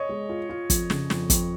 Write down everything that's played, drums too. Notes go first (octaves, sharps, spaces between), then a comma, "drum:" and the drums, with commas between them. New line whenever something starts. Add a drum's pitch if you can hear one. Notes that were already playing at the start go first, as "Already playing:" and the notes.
Already playing: C#5 D#5
G#3
F4
F4
F2, drum: kick, hi-hat
C#3, drum: snare
F2, drum: snare
F2, drum: kick, hi-hat